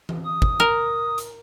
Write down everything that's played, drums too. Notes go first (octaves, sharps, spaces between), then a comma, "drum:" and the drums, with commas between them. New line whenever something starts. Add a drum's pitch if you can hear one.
drum: tom E3
D#6
drum: kick
A#4
drum: hi-hat